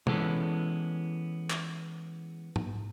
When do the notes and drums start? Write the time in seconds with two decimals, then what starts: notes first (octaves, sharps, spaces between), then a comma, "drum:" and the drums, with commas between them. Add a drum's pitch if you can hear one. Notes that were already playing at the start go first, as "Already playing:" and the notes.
0.07 E3 G#3 B3 C#4 A4, drum: tom
1.50 drum: clap
2.56 drum: tom G#2